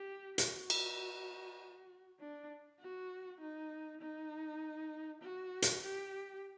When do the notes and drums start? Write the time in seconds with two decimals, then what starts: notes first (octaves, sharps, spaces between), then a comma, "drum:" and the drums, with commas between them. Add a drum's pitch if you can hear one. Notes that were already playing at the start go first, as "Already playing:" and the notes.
Already playing: G4
0.38 F#4, drum: hi-hat
0.70 drum: cymbal
2.20 D4
2.80 F#4
3.40 D#4
4.01 D#4
5.22 F#4
5.62 drum: hi-hat
5.83 G4